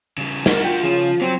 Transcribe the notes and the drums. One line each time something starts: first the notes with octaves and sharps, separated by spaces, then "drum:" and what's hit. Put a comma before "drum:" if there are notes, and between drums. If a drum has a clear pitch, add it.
C#3 G3
D4 F#4 A#4, drum: snare
F4 G5
C#3 F3
F#3 C4